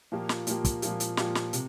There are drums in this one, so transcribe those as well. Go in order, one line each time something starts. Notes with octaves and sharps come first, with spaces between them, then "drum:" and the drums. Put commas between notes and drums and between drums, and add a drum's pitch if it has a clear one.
A#2 F3 A#3 G4
drum: snare
A#2 F3 A#3 G4, drum: hi-hat
drum: kick, hi-hat
A#2 F3 A#3 G4, drum: hi-hat
drum: hi-hat
A#2 F3 A#3 G4, drum: snare
drum: snare
C3, drum: hi-hat